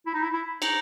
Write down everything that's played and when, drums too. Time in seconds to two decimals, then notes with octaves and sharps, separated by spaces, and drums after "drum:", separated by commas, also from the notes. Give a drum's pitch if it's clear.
0.06 E4
0.14 D#4
0.23 E4
0.33 E4
0.62 D#4, drum: cymbal